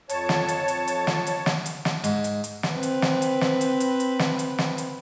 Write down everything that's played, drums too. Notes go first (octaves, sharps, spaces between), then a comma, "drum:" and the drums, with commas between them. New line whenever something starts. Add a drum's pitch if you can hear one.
F2 C#5 A5, drum: hi-hat
drum: snare
drum: hi-hat
drum: hi-hat
drum: hi-hat
drum: snare
drum: hi-hat
drum: snare
drum: hi-hat
drum: snare
G#2, drum: hi-hat
drum: hi-hat
drum: hi-hat
drum: snare
C4 B4
drum: hi-hat
drum: snare
drum: hi-hat
drum: snare
drum: hi-hat
drum: hi-hat
drum: hi-hat
drum: snare
drum: hi-hat
drum: snare
drum: hi-hat